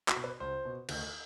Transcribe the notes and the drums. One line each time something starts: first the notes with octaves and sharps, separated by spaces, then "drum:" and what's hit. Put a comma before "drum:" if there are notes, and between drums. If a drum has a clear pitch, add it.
F#4, drum: clap
B2
B4
C#2 C5
B2
D2, drum: cymbal